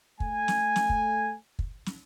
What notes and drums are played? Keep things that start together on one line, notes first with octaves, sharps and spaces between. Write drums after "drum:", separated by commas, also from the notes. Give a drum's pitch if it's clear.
A3 G#5, drum: kick
drum: snare
drum: snare
drum: kick
drum: kick
drum: snare